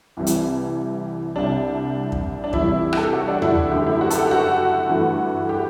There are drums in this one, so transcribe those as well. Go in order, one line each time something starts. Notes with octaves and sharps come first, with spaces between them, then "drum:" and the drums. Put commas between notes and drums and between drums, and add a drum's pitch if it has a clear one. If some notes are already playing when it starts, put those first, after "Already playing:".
C2 C3 E3 G3
drum: hi-hat
C2 C3 G3 D4
drum: kick
D4
E2 C3 G3 E4, drum: kick
E4
G4, drum: rim click
A4
F#4
D4
E4, drum: tom D#2
F#2 D3 A3 G4
E4
F#4
A4, drum: hi-hat
G4
F#4
G2 E3 A3
G4